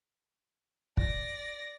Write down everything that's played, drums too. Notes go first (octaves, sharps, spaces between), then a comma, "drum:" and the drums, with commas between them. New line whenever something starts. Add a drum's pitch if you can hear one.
D5 A#6, drum: kick